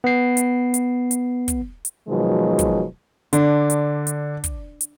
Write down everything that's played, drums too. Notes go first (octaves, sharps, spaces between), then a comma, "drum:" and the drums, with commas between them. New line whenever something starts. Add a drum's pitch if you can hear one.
B3 C7
drum: hi-hat
drum: hi-hat
drum: hi-hat
drum: kick, hi-hat
drum: hi-hat
B2 D#3 F3 F#3 G#3
drum: kick, hi-hat
D3 D4, drum: hi-hat
drum: hi-hat
drum: hi-hat
drum: kick, hi-hat
drum: hi-hat